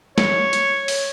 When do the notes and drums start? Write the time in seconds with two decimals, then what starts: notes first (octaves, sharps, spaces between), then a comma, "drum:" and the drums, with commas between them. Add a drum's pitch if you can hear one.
0.18 C#5, drum: snare
0.53 drum: hi-hat
0.88 drum: open hi-hat